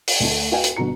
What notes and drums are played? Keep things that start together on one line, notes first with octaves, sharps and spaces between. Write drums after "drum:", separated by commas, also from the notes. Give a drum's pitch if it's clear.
drum: open hi-hat
D2 A3
F#4 B4 D#5 F5 G5 G#5
drum: hi-hat
G1 B2 D3 F#4 A#5 C#7